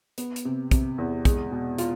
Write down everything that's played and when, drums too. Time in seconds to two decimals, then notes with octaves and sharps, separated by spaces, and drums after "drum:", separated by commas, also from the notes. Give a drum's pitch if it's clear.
0.18 B3, drum: hi-hat
0.36 drum: hi-hat
0.45 C3
0.71 C3, drum: kick, hi-hat
0.98 E2
1.25 G#3, drum: kick, hi-hat
1.51 B2
1.78 F4, drum: hi-hat